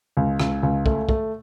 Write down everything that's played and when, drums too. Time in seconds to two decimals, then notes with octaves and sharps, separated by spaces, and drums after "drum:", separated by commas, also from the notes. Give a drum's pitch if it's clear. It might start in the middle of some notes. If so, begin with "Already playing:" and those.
0.17 C#2
0.40 C#2, drum: rim click
0.63 C#2
0.86 A3, drum: kick
1.09 A3, drum: kick